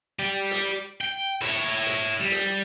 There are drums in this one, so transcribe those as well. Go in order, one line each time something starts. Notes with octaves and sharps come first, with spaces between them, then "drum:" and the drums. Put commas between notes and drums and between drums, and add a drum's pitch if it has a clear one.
G4 D5
drum: hi-hat
G5
E4 C#5, drum: hi-hat
drum: hi-hat
G3
drum: hi-hat